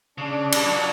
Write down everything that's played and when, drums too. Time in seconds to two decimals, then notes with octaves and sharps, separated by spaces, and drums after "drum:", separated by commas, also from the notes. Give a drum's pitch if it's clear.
0.18 C#3 D4
0.52 G3, drum: cymbal
0.66 F#3